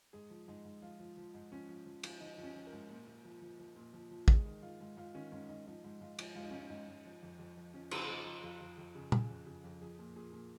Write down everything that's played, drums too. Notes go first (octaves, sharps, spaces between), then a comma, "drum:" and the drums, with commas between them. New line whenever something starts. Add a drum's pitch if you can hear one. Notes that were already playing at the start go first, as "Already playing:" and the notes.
G#2 G#4
F3
G#2 D#4
G#2
F3 F4
F3
F3
G#2
F3 C#4
F3
F3
F3, drum: cymbal
F3 D#4
F3
C#4
F3
A#4
G#2
A#2
A#2
F3
F3
F3
A#2
F3
F3
G#2 G#4, drum: kick
D#3
G#2 F4
G#2
G#2 F4
D#3 C#4
G#2 C#4
G#2 D#4
F3 D#4
G#2
G#2 F4
F3, drum: cymbal
G#2 F4
D#4
G#2 C#4
D#4
G#2 D#4
G#2
F3
F2
F2
F3
F3 C#4
C#3, drum: cymbal
F3 D#4
F3
F2 F4
F2
F2
C#3
C#3, drum: tom
F2
C#3
F2
F3 G#4
A#2
A#2 G#4
A#2